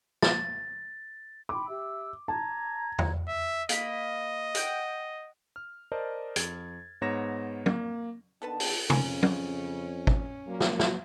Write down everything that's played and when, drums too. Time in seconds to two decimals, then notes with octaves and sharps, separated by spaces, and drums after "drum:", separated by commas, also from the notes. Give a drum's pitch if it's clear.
0.22 A6, drum: snare
1.49 G5 B5 C6 D6
1.66 G4 E5 E6
2.28 A5 A#5 G#6
2.99 drum: tom E2
3.28 E5
3.69 A#3 D#5 B5, drum: hi-hat
4.55 F#5 G5, drum: hi-hat
5.56 F6
5.92 A#4 C5 D5 D#5 A5
6.36 F2 G#6 A6, drum: hi-hat
7.02 G#2 B3 C#5 A#5 A#6 E7
7.66 A#3, drum: tom
8.42 D3 D#3 B3 A4 B4 A5
8.60 drum: open hi-hat
8.90 F2 C#3 C#4 A#4 G#5, drum: tom
9.23 drum: tom
10.07 drum: kick
10.47 A#2 F#3 A#3
10.60 drum: snare
10.80 drum: snare